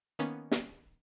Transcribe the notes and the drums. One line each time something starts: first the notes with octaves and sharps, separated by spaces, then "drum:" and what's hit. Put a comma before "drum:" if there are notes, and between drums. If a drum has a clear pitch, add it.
D#3 A#3 B3 C#4
drum: snare